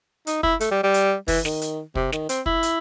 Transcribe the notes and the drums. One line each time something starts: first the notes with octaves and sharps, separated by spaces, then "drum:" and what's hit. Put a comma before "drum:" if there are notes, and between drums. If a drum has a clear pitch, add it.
D#4, drum: hi-hat
E4, drum: kick
A3, drum: hi-hat
G3
G3
drum: hi-hat
E3, drum: kick, open hi-hat
D#3, drum: snare
drum: hi-hat
C3, drum: kick
D#3, drum: snare
C4, drum: hi-hat
E4, drum: kick
drum: hi-hat